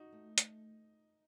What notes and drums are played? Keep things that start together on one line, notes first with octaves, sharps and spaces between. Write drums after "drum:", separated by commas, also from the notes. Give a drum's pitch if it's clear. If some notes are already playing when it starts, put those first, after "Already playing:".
Already playing: D#4 F#4
A3
A3, drum: hi-hat